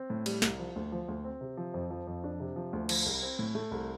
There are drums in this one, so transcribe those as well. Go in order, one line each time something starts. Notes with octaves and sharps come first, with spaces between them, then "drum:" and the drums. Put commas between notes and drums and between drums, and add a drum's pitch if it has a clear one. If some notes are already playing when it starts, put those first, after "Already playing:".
Already playing: C4
A2
G3, drum: cymbal
C2, drum: snare
F3
D2
F3
D2
C4
C3
F3
F2
F3
F2
D4
C3
F3
D2
F3, drum: cymbal
C2
C4
A2
A3
C2